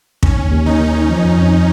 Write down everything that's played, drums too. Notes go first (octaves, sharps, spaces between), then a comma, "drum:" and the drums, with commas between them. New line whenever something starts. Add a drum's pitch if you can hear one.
D#3 C#4, drum: kick
D#2
D#2
D#2 D#4
D#3
D#3
F3
F2
F2